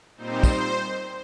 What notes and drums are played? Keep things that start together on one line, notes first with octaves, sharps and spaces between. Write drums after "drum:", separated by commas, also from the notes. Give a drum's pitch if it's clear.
A#2 G3 C4 D#4 C5
drum: kick, tambourine